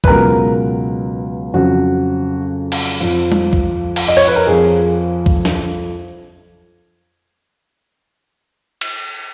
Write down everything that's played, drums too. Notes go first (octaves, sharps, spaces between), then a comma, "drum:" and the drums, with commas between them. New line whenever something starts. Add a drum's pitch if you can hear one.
B4, drum: kick
C#2 B2 F#3 A#4
F2 C#3 F#3 F#4
drum: cymbal
F2 F3
drum: tambourine
drum: tom G3
drum: kick
drum: cymbal
D#5
C#5, drum: open hi-hat
B4
A#4
F2 F3 G#4
drum: kick
drum: snare
drum: cymbal